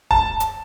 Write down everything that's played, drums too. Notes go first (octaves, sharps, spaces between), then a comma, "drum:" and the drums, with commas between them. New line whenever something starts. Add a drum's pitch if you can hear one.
A5, drum: kick D1
drum: hi-hat